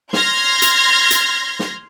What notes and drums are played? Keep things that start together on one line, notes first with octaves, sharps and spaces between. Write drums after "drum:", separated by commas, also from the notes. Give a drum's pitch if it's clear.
C6 F6 G6 G#6 A#6, drum: snare
drum: hi-hat
drum: hi-hat
drum: snare